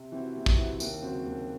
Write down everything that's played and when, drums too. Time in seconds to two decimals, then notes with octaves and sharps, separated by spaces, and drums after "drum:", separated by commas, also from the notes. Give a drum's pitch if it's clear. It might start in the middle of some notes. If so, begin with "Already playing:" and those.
Already playing: C3
0.12 E3 C4 F#4
0.36 C3
0.46 drum: kick
0.58 E3 C4 F#4
0.80 D#2, drum: tambourine
1.02 C#3 F#3 C4 F#4
1.26 D#2